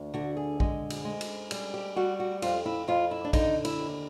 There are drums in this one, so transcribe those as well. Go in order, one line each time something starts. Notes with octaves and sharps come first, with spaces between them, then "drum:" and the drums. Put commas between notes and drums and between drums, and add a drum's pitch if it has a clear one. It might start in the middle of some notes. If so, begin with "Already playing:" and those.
Already playing: D2
D3 F#4
G#4
G#3, drum: kick A#1
drum: cymbal
G#3
drum: cymbal
G3 G#4, drum: cymbal
G4
G3 F#4
F#4
F2 F4, drum: cymbal
E4
F2 F4
E4
D4
D3 D#4, drum: kick A#1, cymbal
E4, drum: cymbal
D#2